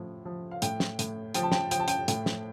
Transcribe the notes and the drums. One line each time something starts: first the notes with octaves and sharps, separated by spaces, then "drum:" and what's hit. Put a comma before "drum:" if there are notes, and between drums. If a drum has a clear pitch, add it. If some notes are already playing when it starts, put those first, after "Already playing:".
Already playing: A2 F3
F3
F5
A2 G5, drum: hi-hat
drum: snare
A2, drum: hi-hat
F3 G5, drum: hi-hat
A5
G5, drum: snare
F3 G5, drum: hi-hat
A5
G5, drum: hi-hat
A2 G5, drum: hi-hat
drum: snare